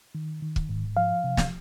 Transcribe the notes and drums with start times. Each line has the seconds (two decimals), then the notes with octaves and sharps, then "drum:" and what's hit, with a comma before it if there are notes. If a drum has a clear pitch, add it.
0.15 D#3
0.42 D#3
0.56 drum: kick
0.69 G#2
0.97 F3 F5
1.24 C3
1.37 drum: snare